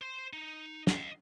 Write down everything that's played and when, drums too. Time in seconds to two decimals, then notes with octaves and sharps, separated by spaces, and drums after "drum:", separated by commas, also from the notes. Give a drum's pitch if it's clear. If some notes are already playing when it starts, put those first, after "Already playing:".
0.01 C5 C6
0.33 D#4
0.87 D#5 F5, drum: snare